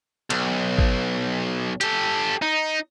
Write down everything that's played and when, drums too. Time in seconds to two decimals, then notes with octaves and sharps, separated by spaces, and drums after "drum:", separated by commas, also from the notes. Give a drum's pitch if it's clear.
0.30 B1, drum: cymbal
0.78 drum: kick
1.81 G4 A4, drum: hi-hat
2.42 D#4